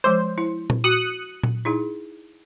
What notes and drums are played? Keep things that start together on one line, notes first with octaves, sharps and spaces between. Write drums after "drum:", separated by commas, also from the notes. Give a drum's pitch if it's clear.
F3 G#3 C5 D6
E4
drum: tom A#2
F#4 D#6 F#6 C#7
drum: tom A#2
D#4 E4 G#4